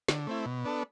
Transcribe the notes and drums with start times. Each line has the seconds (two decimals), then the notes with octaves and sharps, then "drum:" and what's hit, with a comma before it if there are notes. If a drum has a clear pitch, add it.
0.08 D3, drum: snare
0.27 A3 C4 E4
0.46 B2
0.65 B3 D4 A4